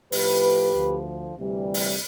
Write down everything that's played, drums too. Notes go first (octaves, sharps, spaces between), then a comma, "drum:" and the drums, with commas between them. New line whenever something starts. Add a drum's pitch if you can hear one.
A2 F3 G4 B4, drum: open hi-hat
D2 D3 F3
D2 C3 E3 G3
drum: open hi-hat